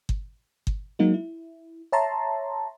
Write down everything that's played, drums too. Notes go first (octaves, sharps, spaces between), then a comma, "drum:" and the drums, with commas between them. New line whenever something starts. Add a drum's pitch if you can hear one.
drum: kick G1
drum: kick G1
F#3 G#3 A#3 D#4 F#4
E4
C#5 E5 A5 A#5 C6